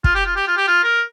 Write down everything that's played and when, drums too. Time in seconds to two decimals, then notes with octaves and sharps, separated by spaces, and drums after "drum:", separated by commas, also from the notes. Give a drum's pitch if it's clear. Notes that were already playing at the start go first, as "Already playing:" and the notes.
0.04 F4, drum: kick
0.15 G4
0.26 F4
0.36 G4
0.48 F4
0.57 G4
0.68 F4
0.84 A#4